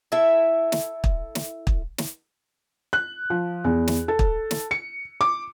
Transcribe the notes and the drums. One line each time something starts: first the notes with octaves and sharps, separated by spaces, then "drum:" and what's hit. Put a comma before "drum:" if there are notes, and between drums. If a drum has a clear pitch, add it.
E4 A4 E5
drum: snare
drum: kick
drum: snare
drum: kick
drum: snare
F#6
F3
E2
drum: snare
A4
drum: kick
drum: snare
C#7
D6